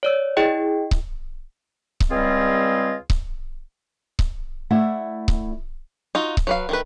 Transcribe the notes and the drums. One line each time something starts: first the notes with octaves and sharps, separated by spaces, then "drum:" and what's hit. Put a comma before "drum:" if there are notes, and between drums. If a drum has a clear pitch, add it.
C#5 D5 E6
E4 G#4 D#5 G5
drum: kick C#1
drum: kick C#1
C#2 G3 C4 F4 G#4 D#5
drum: kick C#1
drum: kick C#1
A3 E4 D5 E5 F#5
drum: kick C#1
D#4 F4 F#4
drum: kick C#1
F#3 B4 F5
D#3 A3 B4